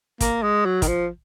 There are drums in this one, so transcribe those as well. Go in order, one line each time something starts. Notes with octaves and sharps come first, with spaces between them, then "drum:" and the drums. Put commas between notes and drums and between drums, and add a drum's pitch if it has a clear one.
A#3, drum: kick, hi-hat
G#3
F#3
D#3, drum: kick, hi-hat
F3